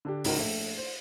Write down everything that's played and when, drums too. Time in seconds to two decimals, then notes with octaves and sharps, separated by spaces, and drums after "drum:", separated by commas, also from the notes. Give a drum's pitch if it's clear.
0.05 D3 D4 G4
0.24 C#2 G#2 F#4 A#4, drum: open hi-hat
0.37 A#1 A3
0.77 C5